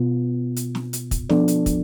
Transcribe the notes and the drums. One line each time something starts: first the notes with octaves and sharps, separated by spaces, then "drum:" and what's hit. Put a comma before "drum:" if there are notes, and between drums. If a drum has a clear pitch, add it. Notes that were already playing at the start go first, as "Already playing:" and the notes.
Already playing: B2 B3 F4
drum: hi-hat
drum: snare
drum: hi-hat
drum: kick, hi-hat
F3 B3 D4 A4 D5, drum: snare
drum: hi-hat
drum: kick, hi-hat